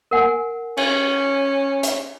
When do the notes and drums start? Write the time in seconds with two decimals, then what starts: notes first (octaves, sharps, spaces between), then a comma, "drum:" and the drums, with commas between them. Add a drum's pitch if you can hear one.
0.11 A#4 F#5 G#5
0.77 C#4, drum: cymbal
1.83 drum: hi-hat